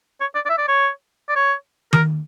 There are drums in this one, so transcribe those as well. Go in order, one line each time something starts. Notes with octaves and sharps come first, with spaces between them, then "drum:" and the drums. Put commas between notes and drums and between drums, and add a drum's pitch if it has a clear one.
C#5
D5
D5
E5
D5
C#5
D5
C#5
A#4, drum: tom D#3